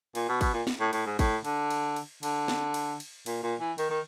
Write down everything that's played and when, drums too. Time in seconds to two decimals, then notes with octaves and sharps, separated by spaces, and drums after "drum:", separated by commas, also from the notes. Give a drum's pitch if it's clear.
0.15 A#2, drum: cymbal
0.29 B2
0.41 B2, drum: kick, cymbal
0.54 A#2
0.67 drum: snare
0.80 A2
0.93 A2, drum: cymbal
1.06 G#2
1.19 A2, drum: kick, cymbal
1.45 D3, drum: cymbal
1.70 drum: cymbal
1.96 drum: cymbal
2.23 D3, drum: cymbal
2.48 drum: snare
2.74 drum: cymbal
3.00 drum: cymbal
3.26 A#2, drum: cymbal
3.43 A#2
3.60 E3
3.78 D#3, drum: cymbal
3.90 D#3